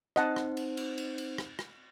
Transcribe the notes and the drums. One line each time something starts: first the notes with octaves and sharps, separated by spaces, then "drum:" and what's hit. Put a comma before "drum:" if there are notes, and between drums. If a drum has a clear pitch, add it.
C4 D#4 C5 D#5 F#5 A5, drum: rim click
drum: rim click
drum: cymbal
drum: cymbal
drum: cymbal
drum: cymbal
drum: rim click
drum: rim click